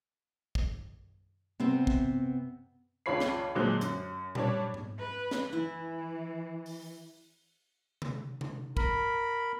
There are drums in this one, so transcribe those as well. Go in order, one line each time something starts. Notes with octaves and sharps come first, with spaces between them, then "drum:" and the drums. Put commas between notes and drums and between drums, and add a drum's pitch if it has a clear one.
drum: kick
C3 B3 C4
drum: kick
C#2 D4 F4 C#5 B5 C7
drum: snare
A#2 D3 F#3 G#3 C5 F#6
F#2, drum: hi-hat
G3 D4 C#5, drum: tom A#2
drum: tom G#2
B4
drum: snare
E3 E4
drum: open hi-hat
drum: tom C3
drum: tom C3
A#4 B5, drum: kick